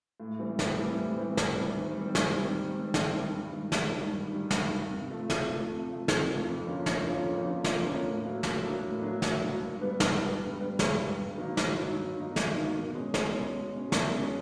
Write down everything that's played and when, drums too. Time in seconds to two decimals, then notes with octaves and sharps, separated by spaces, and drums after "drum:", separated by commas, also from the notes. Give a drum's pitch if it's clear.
0.20 A2
0.39 E3 G3 C4
0.59 A2, drum: snare
0.78 E3 G3 C4
0.98 A2
1.17 E3 G3 C4
1.37 A2, drum: snare
1.56 E3 G3 C4
1.76 D#3
1.95 G3 C4
2.15 D#3, drum: snare
2.35 G3 C4
2.55 D#3
2.74 G3 C4
2.94 D#3, drum: snare
3.14 G3 C4
3.33 G2
3.53 D#3 G3
3.72 G2, drum: snare
3.92 D#3 G3
4.11 G2
4.31 D#3 G3
4.51 G2, drum: snare
4.71 D#3 G3
4.90 C3
5.10 F3 A3
5.30 C3, drum: snare
5.49 F3 A3
5.68 C3
5.88 F3 A3
6.08 C3, drum: snare
6.28 F3 A3
6.47 F2
6.67 D3 F3 A#3 C#4
6.86 F2, drum: snare
7.06 D3 F3 A#3 C#4
7.26 F2
7.45 D3 F3 A#3 C#4
7.64 F2, drum: snare
7.85 D3 F3 A#3 C#4
8.04 A2
8.23 F#3 A#3 D4
8.43 A2, drum: snare
8.63 F#3 A#3 D4
8.83 A2
9.02 F#3 A#3 D4
9.22 A2, drum: snare
9.41 F#3 A#3 D4
9.60 G2
9.80 D3 G3 B3
10.00 G2, drum: snare
10.20 D3 G3 B3
10.39 G2
10.59 D3 G3 B3
10.79 G2, drum: snare
10.99 D3 G3 B3
11.17 G2
11.38 D#3 F#3 A#3 D#4
11.57 G2, drum: snare
11.77 D#3 F#3 A#3 D#4
11.96 G2
12.15 D#3 F#3 A#3 D#4
12.36 G2, drum: snare
12.55 D#3 F#3 A#3 D#4
12.75 B2
12.95 G#3 C#4
13.14 B2, drum: snare
13.34 G#3 C#4
13.54 B2
13.73 G#3 C#4
13.92 B2, drum: snare
14.12 G#3 C#4